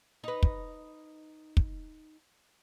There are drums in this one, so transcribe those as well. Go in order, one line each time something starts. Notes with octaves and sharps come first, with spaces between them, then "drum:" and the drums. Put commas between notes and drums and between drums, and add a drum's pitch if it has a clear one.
D#4 B4
drum: kick
drum: kick